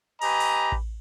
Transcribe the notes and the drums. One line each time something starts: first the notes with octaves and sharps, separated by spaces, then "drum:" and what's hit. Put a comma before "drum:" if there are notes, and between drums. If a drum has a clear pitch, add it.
G4 B4 D#5 G#5 A#5, drum: cymbal
drum: open hi-hat
drum: kick A1